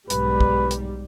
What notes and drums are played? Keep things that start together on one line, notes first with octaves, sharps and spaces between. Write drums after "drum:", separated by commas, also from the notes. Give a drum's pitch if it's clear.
B1 G#2 G3 B4, drum: hi-hat
drum: kick
drum: hi-hat